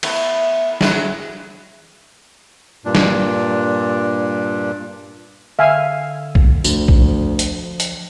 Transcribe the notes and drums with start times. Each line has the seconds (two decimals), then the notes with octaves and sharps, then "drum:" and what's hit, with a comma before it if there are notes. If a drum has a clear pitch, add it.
0.03 A3 B3 E4, drum: cymbal
0.81 F#3 G#3 E4, drum: snare
2.85 G2 A#2 D4
2.95 drum: snare
5.59 D3 E5 F5 G#5
6.35 drum: kick B1
6.64 D2 F3, drum: tambourine
6.88 drum: kick B1
7.39 drum: hi-hat
7.80 drum: hi-hat